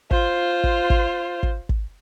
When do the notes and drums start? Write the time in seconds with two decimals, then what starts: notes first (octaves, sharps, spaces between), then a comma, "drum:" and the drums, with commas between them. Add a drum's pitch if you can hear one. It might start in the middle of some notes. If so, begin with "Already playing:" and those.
0.11 F4 C5, drum: kick
0.64 drum: kick
0.90 drum: kick
1.43 drum: kick
1.69 drum: kick